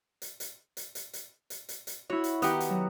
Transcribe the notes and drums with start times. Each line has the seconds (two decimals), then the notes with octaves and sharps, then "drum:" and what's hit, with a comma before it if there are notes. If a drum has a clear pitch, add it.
0.22 drum: hi-hat
0.40 drum: hi-hat
0.77 drum: hi-hat
0.95 drum: hi-hat
1.13 drum: hi-hat
1.50 drum: hi-hat
1.69 drum: hi-hat
1.87 drum: hi-hat
2.10 E4 F#4 C#5
2.24 drum: hi-hat
2.42 D#3 B3 G4 F#5 A#5, drum: hi-hat
2.60 drum: hi-hat
2.69 F#3